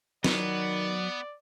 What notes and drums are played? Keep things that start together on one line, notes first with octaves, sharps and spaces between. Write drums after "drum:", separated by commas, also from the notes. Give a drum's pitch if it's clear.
D#3 F#3 B3 D5, drum: snare